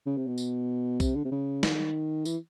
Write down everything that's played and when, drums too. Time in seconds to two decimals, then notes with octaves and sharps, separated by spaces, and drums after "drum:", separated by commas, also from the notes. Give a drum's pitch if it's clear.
0.06 C#3
0.17 C3
0.27 B2
0.38 drum: tambourine
1.00 C3, drum: kick, tambourine
1.16 D3
1.25 C3
1.32 C#3
1.63 D#3, drum: snare
2.25 E3, drum: tambourine